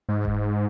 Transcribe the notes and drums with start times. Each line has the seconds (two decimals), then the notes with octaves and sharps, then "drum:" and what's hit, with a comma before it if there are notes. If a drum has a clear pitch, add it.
0.09 G#2
0.25 drum: kick E1